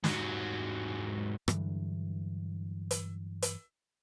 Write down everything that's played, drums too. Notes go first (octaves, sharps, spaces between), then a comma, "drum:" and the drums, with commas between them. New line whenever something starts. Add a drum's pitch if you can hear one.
G#2 F#3, drum: snare
G2 D3 E3 F#3, drum: rim click
drum: hi-hat
drum: hi-hat